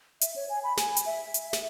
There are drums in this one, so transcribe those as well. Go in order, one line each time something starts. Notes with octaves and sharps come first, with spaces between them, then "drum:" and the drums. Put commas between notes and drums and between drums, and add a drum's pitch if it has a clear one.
E5, drum: hi-hat
C#5
G#5
B5
G#5, drum: snare
drum: hi-hat
E5
drum: hi-hat
drum: snare